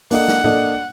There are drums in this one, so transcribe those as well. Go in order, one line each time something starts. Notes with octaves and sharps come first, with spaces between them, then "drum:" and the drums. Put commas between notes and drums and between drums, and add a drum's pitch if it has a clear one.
A#3 D4 A4 D#5 F#5, drum: open hi-hat
drum: snare
A#3 D4 A4 D#5, drum: tom A2